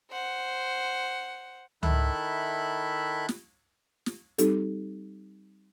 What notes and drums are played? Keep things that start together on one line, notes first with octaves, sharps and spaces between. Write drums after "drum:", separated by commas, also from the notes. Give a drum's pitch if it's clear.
C5 F#5
D#3 E4 A4 E5 B5 F#6, drum: tom C#2
drum: snare
drum: snare
G3 C4 D#4 G4 A4, drum: hi-hat